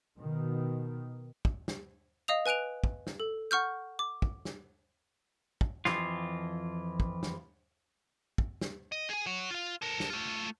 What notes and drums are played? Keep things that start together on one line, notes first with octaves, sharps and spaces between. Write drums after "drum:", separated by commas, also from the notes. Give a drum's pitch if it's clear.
B2 D#3
drum: kick
drum: snare
D#5 F5 D#6 F7
B4 G#5 F#6 D7 F7
drum: kick
drum: snare
A4
F#5 C#6 F6 G6
D6
drum: kick
drum: snare
drum: kick
F2 E3 F3 F4, drum: snare
drum: kick
drum: snare
drum: kick
drum: snare
D#5
G#4 G#5
C#5 F#5
F4 F5
A4 A#4
drum: snare
A3 F4